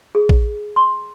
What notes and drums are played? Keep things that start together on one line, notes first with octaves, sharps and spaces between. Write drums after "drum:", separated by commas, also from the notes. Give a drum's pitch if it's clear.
G#4
drum: kick
C6